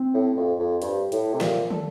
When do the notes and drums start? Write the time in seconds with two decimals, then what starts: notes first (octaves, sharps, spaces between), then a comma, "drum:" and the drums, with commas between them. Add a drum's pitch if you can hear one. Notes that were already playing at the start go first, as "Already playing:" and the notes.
Already playing: C4
0.15 A2
0.37 F2
0.60 F2
0.82 G2, drum: hi-hat
1.12 A2, drum: hi-hat
1.34 C3
1.41 A#2, drum: snare
1.71 A4, drum: tom